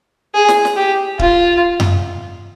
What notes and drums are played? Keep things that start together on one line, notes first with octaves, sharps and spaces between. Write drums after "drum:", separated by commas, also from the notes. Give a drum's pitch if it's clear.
G#4
drum: snare
drum: snare
G4
F4, drum: kick D1
drum: tom F#2